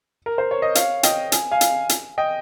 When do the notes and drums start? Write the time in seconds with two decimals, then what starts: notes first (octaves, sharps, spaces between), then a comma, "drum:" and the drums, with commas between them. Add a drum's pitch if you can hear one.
0.26 A#4
0.38 C5
0.51 C#5
0.62 D#5
0.75 C#5 F5, drum: hi-hat
1.03 D#5 G5, drum: hi-hat
1.32 G#5, drum: hi-hat
1.51 F5 G#5
1.61 drum: hi-hat
1.89 drum: hi-hat
2.18 D#5 G5